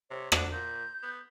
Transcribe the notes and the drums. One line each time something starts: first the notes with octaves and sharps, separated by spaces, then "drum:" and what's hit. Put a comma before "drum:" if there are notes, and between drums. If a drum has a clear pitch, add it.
C3 C#5
D4 F#5, drum: rim click
A#2 G6
B3